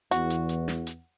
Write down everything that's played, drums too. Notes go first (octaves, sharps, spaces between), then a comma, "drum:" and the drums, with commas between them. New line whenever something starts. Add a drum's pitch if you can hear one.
E2 F#4, drum: hi-hat
drum: hi-hat
drum: hi-hat
drum: snare
drum: hi-hat